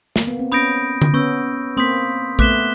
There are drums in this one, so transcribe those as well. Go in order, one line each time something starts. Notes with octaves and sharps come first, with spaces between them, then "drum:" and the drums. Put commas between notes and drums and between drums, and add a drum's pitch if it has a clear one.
A#3, drum: snare
B3
C4
B3 C#4 B5 D#6 G6 A#6 D7
drum: tom D3
B3 C#4 C#6 E6 G6
A#3 C4 C6 D#6 G6 B6
A3 B3 D6 F#6 B6 E7 G7, drum: kick